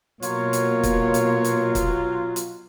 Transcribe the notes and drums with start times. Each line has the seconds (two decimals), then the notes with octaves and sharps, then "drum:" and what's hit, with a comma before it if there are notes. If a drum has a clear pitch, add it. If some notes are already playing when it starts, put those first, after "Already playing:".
0.22 B2 F#3 A#3 F4 C#5, drum: hi-hat
0.53 drum: hi-hat
0.83 drum: kick, hi-hat
1.14 drum: hi-hat
1.44 drum: hi-hat
1.75 drum: kick, hi-hat
2.36 drum: hi-hat